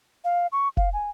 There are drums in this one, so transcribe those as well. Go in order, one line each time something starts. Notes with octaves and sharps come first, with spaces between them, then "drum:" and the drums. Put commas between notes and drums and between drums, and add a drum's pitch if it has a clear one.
F5
C#6
F5, drum: kick F1
G#5